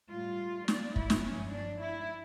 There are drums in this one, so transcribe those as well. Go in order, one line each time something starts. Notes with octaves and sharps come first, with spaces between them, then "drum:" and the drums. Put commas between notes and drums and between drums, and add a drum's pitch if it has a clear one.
A2 G3 F4
D5, drum: snare
E4, drum: kick
drum: snare
G2 F3 C#4
D4
E4